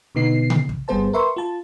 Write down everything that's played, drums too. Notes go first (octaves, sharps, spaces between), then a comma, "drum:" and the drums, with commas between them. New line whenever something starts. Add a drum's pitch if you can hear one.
B2 D3 B3 D#4 C7
drum: tom C#3
drum: kick
G1 G3 B3 G#4 C5 A5
A#4 B4 E5 C6 C#6
F4 A5